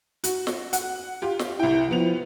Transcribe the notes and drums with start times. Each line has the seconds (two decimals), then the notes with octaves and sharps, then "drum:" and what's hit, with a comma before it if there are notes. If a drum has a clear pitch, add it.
0.24 F#4, drum: hi-hat
0.47 drum: snare
0.73 F#5, drum: hi-hat
1.22 F4 G4
1.39 drum: snare
1.59 C2 E4 G5
1.91 F3 B3 F7